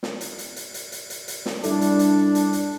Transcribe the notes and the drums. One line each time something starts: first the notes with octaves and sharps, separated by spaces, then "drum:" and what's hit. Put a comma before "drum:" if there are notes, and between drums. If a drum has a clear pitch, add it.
drum: snare
drum: hi-hat
drum: hi-hat
drum: hi-hat
drum: hi-hat
drum: hi-hat
drum: hi-hat
drum: hi-hat
drum: snare
G3 D4 E4 A4, drum: hi-hat
drum: hi-hat
drum: hi-hat
drum: hi-hat
drum: hi-hat